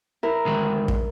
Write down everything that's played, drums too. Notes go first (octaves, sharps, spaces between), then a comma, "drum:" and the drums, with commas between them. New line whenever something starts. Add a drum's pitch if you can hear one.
E4 A#4
D2 D#3 G#3
drum: kick